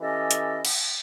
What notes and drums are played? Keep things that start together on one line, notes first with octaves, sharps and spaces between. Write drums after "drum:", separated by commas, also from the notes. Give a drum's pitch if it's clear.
E3 C#4 G4 A4 D#5
drum: hi-hat
drum: cymbal